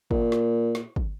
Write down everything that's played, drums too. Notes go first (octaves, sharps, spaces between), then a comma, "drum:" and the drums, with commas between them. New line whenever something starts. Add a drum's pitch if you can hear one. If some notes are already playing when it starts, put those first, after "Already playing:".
A#2, drum: kick
drum: snare
drum: snare
drum: kick